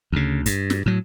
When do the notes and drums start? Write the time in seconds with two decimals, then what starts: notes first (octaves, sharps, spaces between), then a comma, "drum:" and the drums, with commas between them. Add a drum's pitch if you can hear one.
0.12 D2 C#3
0.46 G2, drum: kick, hi-hat
0.70 drum: snare
0.86 A2 F#3